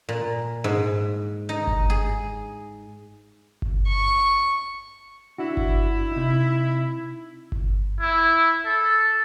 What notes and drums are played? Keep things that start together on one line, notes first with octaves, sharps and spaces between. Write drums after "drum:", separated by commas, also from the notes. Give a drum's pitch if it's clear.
A#2
G#2
D#4
drum: kick G1
G#4
drum: kick G1
C#6
D4 E4 F#4
drum: kick G1
C3 D#4
drum: kick G1
E4
A4